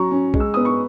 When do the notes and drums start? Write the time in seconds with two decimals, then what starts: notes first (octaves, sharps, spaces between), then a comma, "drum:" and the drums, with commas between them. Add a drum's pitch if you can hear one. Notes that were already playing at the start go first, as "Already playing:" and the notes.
Already playing: F#3 C#4 A#5 C#6
0.11 C#4
0.34 G#3, drum: kick
0.40 E6
0.54 B3 D#6
0.65 C#6